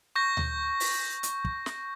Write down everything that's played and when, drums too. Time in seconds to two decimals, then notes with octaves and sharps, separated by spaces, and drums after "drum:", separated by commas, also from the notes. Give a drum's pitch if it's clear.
0.16 C#6 G6 A#6
0.37 drum: tom D2
0.80 drum: open hi-hat
1.23 drum: hi-hat
1.45 drum: kick
1.66 drum: snare